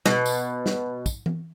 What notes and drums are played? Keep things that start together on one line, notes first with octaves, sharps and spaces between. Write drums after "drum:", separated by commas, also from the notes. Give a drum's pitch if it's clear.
B2, drum: snare
drum: tambourine
drum: snare
drum: kick, tambourine
drum: tom E3